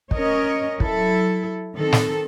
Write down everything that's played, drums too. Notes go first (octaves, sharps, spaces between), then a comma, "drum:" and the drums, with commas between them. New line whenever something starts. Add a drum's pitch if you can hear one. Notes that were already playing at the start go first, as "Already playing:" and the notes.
C#4 A#4 C#5 D#5, drum: kick
F#3 E4 A4, drum: kick
D#3 C4 A4
drum: snare